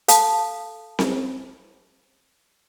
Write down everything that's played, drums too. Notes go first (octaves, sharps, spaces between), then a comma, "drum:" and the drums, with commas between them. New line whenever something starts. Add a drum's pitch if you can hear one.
A4 F5 A5, drum: hi-hat
drum: snare C4